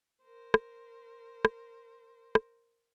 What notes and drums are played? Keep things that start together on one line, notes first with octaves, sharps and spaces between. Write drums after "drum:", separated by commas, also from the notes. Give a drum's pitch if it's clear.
A#4 C5
drum: rim click
drum: rim click
drum: rim click